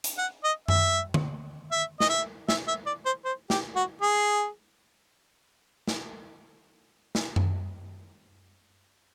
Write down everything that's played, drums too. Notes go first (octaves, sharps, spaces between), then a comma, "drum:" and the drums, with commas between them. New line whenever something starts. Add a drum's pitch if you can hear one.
drum: hi-hat
F#5
D#5
E5, drum: tom F#2
drum: tom D3
E5
D#5, drum: snare
E5
E5, drum: snare
E5
D5
C5
C5
G4, drum: snare
F#4
G#4
drum: snare
drum: snare
drum: tom F#2